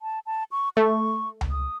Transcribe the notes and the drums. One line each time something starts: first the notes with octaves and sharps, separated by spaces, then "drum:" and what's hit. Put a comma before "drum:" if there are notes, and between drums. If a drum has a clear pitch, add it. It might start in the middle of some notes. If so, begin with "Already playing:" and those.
A5
A5
C#6
A3 C#6
drum: tom C#2
D#6